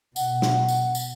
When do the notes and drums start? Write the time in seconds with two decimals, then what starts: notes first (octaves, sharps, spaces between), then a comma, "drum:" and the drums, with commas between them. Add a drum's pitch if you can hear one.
0.16 B2 F#5, drum: tambourine
0.42 drum: snare
0.68 drum: tambourine
0.95 drum: tambourine